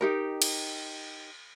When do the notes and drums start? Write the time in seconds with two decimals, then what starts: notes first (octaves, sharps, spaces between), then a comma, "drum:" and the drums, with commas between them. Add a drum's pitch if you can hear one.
0.01 D#4 G4 A#4
0.42 drum: cymbal